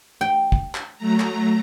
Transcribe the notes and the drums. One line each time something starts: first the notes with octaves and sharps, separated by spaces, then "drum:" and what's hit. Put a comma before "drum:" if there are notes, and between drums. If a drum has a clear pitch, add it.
G5
drum: kick
drum: clap
F#3 A3 A#5
drum: clap